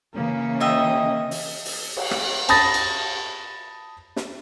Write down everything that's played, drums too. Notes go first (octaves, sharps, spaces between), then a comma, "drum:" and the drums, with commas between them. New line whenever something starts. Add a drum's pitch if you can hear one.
C#3 E3 A#3 C#4
F4 D#5 E5 G5
drum: open hi-hat
drum: open hi-hat
drum: cymbal
drum: rim click
A5 B5 D#6 A6 A#6, drum: cymbal
drum: cymbal
drum: snare